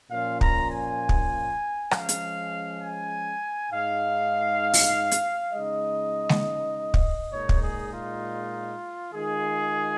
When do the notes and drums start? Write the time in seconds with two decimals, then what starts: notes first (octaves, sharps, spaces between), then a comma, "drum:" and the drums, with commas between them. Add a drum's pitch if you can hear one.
0.11 A#2 F3 C#4 F4 F5
0.41 A#5, drum: kick
0.71 G#5
1.09 drum: kick
1.91 F3 G#3 C#4 F5, drum: rim click
2.09 drum: hi-hat
2.81 G#5
3.72 G#2 G#3 D#4 F5
4.74 drum: open hi-hat
5.11 drum: hi-hat
5.52 C#3 G#3 D#4 D#5
6.29 drum: snare
6.94 drum: kick
7.32 A#2 G#3 D#4 C#5
7.49 drum: kick
7.62 G#4
7.93 F4
9.13 D#3 G#3 F4 G#4